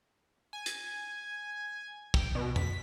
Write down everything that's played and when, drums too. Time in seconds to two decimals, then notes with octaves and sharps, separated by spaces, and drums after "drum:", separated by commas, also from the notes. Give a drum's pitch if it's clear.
0.53 G#5
0.66 drum: hi-hat
2.14 G5, drum: kick
2.35 B2
2.56 B6, drum: tom F2